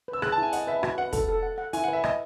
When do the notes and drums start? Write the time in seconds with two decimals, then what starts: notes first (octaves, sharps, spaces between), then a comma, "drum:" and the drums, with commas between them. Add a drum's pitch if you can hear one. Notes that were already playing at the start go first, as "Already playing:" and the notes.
0.08 B4
0.13 E6
0.22 G#4 F#6, drum: rim click
0.32 A5
0.38 E4 G#5
0.53 D#5 F#5, drum: hi-hat
0.67 B4 E5
0.83 F#4 E5, drum: rim click
0.98 B4 F#5
1.13 A4, drum: kick, hi-hat
1.28 A4
1.43 F#5
1.58 F#5
1.73 E4 G#5, drum: hi-hat
1.84 F#5
1.88 B4
1.93 E5
2.04 D#5 E5, drum: rim click